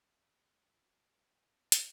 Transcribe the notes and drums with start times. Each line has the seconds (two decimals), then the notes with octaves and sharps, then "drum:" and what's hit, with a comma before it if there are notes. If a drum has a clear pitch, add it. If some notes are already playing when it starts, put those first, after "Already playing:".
Already playing: F2 D3
0.21 D4
0.52 F#2 D#3 F4
0.83 F#4
1.14 G#2 D#3 F4
1.35 D#4
1.57 B3
1.72 drum: hi-hat